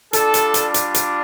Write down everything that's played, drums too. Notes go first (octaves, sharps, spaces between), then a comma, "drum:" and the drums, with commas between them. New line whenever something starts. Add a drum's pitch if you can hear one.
G3 D4 F4 A4, drum: hi-hat
drum: hi-hat
drum: hi-hat
drum: hi-hat
drum: hi-hat